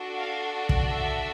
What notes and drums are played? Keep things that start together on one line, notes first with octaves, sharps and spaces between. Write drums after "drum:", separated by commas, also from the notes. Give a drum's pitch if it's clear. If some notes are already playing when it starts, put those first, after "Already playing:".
Already playing: D4 F#4 A4
F5
drum: kick
E5